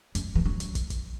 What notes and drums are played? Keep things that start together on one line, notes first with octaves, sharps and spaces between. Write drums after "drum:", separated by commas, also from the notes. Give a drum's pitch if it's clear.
F#2, drum: hi-hat
E3
F#3
drum: hi-hat
drum: kick, hi-hat
drum: kick, hi-hat